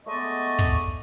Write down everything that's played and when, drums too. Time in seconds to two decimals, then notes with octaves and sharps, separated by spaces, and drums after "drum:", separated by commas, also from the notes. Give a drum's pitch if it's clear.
0.07 G#3 A3 B3 D5 D#5 C#6
0.59 drum: kick